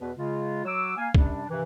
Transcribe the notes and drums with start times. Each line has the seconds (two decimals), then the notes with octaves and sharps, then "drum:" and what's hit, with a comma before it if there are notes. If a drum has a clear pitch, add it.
0.01 E2 B2 B4
0.16 C#3 G#3 F4
0.65 F#3 F#4 C#5 D6 E6
0.97 A#3 F5 G#5
1.15 F#2 C3 G3 D4, drum: kick
1.49 G2 C3 D#3 E3